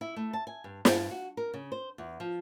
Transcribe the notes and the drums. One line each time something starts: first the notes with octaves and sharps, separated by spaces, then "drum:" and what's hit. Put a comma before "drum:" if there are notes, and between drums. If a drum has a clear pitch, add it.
E4
A3
A5
G#5
G2
G2, drum: snare
F#4
A#4
C#3
C5
E2
F3